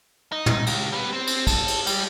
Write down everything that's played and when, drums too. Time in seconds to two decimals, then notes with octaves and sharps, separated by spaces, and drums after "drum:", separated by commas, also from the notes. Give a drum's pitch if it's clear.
0.32 D#4
0.46 drum: tom
0.66 C#2, drum: cymbal
0.92 G3 B3
1.12 C4
1.27 drum: cymbal
1.47 A4, drum: kick, cymbal
1.68 drum: cymbal
1.86 G3, drum: cymbal